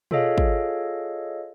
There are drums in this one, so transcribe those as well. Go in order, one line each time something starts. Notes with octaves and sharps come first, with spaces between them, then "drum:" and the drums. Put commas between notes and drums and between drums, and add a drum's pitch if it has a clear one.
F4 G#4 A4 C#5 D#5 F5, drum: tom B2
drum: kick